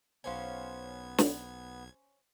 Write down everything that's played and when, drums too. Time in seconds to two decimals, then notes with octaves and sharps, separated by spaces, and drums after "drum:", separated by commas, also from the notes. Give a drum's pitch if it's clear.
0.24 B1 B3 C#4 C5 F5 G#6
1.18 drum: snare